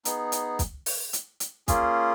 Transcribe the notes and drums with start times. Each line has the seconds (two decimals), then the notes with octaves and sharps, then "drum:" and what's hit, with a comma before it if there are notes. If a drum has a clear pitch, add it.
0.05 B3 D#4 G#4, drum: hi-hat
0.32 drum: hi-hat
0.59 drum: kick, hi-hat
0.86 drum: open hi-hat
1.13 drum: hi-hat
1.40 drum: hi-hat
1.68 A#3 C#4 F4 G#4, drum: kick, hi-hat